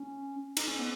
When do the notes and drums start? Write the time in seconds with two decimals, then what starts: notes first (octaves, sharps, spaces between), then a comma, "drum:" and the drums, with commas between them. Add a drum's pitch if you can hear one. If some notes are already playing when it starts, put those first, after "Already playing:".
Already playing: C#4
0.57 D#4, drum: cymbal
0.68 C#4
0.79 B3